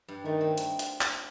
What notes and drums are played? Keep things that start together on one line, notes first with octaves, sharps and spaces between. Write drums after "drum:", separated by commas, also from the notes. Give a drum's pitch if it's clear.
G2
D#3 A3
C4
drum: hi-hat
drum: hi-hat
drum: clap